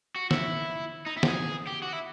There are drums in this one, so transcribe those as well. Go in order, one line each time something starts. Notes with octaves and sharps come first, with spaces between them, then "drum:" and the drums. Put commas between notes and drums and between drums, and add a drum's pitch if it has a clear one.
F#4
E4, drum: snare
D#4
E4
G4, drum: snare
G#4
G4
F#4
E4